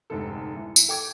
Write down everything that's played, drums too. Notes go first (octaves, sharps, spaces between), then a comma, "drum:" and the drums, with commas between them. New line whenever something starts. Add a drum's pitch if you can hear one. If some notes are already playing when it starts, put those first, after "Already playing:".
F1 G#2 D3 A4
E3
drum: tambourine
A4 G5 D6 G#6